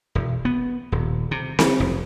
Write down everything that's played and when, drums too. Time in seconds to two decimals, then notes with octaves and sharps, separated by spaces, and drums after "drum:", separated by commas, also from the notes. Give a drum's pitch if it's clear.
0.15 E1
0.45 B3
0.92 D#1
1.31 C3
1.59 C#3, drum: snare C4
1.80 F1